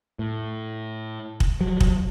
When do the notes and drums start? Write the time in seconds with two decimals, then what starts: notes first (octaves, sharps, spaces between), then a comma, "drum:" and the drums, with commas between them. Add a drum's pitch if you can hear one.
0.19 A2
1.40 drum: kick
1.60 F3 F#3
1.80 drum: kick